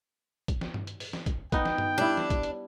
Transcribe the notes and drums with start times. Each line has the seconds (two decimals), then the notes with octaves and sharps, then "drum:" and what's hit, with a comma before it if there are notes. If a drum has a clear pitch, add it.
0.48 drum: kick, hi-hat
0.61 drum: snare
0.74 drum: tom G2
0.87 drum: hi-hat
1.00 drum: open hi-hat
1.13 drum: snare
1.26 drum: kick, hi-hat
1.52 B3 D#4 G5, drum: kick, hi-hat
1.65 drum: snare
1.78 drum: tom G2
1.98 G3 D4 E4
2.17 drum: snare
2.30 drum: kick, hi-hat
2.43 drum: hi-hat